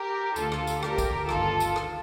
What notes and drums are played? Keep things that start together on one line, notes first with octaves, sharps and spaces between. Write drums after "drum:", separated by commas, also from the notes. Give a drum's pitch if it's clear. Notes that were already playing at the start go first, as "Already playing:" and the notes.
Already playing: G4 A#4
D2 D3 F4 A4, drum: tambourine
drum: rim click
drum: tambourine
D2 D3 G4 A#4, drum: rim click
drum: kick, tambourine
G1 G2 D#3 F4 A4, drum: rim click
drum: tambourine
drum: rim click